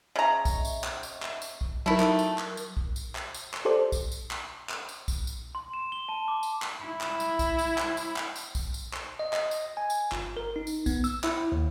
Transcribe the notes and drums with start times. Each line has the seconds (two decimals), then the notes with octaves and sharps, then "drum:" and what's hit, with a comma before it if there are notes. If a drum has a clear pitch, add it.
0.16 C#3 D#5 E5 A#5 C#6
0.45 drum: kick, tambourine
0.65 drum: tambourine
0.84 drum: clap
1.03 drum: tambourine
1.22 drum: clap
1.42 drum: tambourine
1.61 drum: kick
1.86 F#3 A3 D#4 E4 A#4
2.00 drum: clap
2.19 drum: tambourine
2.38 drum: clap
2.57 drum: tambourine
2.77 drum: kick
2.96 drum: tambourine
3.15 drum: clap
3.34 drum: tambourine
3.54 drum: clap
3.65 G4 A4 C5 D5
3.92 drum: kick, tambourine
4.12 drum: tambourine
4.31 drum: clap
4.69 drum: clap
4.89 drum: tambourine
5.08 drum: kick, tambourine
5.27 drum: tambourine
5.55 C6
5.74 E7
5.92 G7
6.09 A5
6.28 D6
6.43 drum: tambourine
6.62 drum: clap
6.85 E4
7.01 drum: clap
7.20 drum: tambourine
7.39 drum: kick, tambourine
7.59 drum: tambourine
7.78 drum: clap
7.97 drum: tambourine
8.16 drum: clap
8.36 drum: tambourine
8.55 drum: kick, tambourine
8.74 drum: tambourine
8.93 drum: clap
9.19 D#5
9.33 D#5, drum: clap
9.51 drum: tambourine
9.77 G#5
9.90 drum: tambourine
10.12 G1, drum: clap
10.37 A#4
10.56 D#4
10.67 drum: tambourine
10.86 B3, drum: kick, tambourine
11.04 E6, drum: tambourine
11.24 E4, drum: clap
11.52 D#2